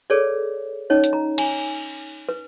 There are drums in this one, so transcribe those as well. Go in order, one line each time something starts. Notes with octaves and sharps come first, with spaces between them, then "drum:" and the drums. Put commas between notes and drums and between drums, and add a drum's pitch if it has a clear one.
G#4 A4 B4 C#5 D5
C#4 D#4 C#5 D#5
drum: hi-hat
A#5
G#5, drum: cymbal
B4